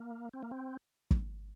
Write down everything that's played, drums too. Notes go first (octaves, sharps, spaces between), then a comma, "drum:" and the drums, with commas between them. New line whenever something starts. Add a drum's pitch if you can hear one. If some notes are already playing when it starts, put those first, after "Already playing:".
Already playing: A#3
C4
A#3
C4
drum: kick